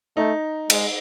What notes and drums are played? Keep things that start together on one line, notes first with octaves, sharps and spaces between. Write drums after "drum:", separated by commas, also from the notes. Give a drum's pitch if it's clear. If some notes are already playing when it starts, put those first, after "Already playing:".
A3 D#4
G#3, drum: cymbal